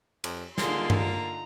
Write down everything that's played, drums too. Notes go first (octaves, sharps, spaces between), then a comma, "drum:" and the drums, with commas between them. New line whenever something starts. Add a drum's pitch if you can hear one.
F2, drum: cymbal
D3 A#3 D#4 F4 G#4 C6, drum: snare
drum: tom G2
A#5